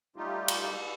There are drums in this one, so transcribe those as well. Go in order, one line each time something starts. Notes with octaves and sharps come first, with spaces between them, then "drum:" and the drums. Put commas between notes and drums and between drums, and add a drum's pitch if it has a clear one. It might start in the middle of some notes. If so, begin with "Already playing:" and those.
G3 A3 D#4 F4 G4
drum: cymbal